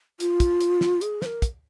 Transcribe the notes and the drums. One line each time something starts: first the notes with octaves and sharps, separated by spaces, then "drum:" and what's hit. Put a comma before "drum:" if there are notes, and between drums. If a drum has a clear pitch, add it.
F4, drum: hi-hat
drum: kick, hi-hat
drum: hi-hat
drum: snare
G#4, drum: hi-hat
C5, drum: snare
A#4
drum: kick, hi-hat